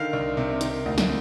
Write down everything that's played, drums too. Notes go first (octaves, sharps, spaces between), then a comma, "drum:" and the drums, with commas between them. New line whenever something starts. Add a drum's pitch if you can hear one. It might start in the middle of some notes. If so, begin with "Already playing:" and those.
Already playing: D3 D#3 F5
C2
C3
D#3, drum: hi-hat
D2
drum: snare